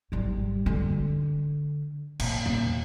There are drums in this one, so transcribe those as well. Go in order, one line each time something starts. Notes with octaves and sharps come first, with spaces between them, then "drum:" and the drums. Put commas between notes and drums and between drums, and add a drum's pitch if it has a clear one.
G#1 G3
D3
A#2, drum: cymbal
drum: tom E2